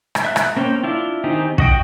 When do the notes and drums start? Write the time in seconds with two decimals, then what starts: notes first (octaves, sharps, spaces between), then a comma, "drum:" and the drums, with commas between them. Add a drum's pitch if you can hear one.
0.15 drum: rim click
0.25 E5 F#6
0.36 drum: rim click
0.56 A#3 C4 C#4 G5
0.84 D4 E4 F4
1.24 D#3 C4 D#4 G4 G#4
1.58 F#4 D#5 G5, drum: kick